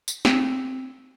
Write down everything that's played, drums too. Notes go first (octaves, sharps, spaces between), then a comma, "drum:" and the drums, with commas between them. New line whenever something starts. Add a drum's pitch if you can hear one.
drum: tambourine
C4, drum: snare